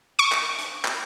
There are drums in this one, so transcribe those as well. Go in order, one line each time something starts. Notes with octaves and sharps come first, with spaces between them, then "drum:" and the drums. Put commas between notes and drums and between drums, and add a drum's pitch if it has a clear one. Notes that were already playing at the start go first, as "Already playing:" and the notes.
C#6 D7
drum: clap
drum: hi-hat
drum: clap